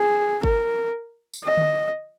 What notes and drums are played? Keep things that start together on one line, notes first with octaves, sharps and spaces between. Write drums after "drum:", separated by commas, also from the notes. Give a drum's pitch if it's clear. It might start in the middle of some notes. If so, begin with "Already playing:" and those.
Already playing: G#4
A#4, drum: kick G1
drum: tambourine
D#5
drum: tom D3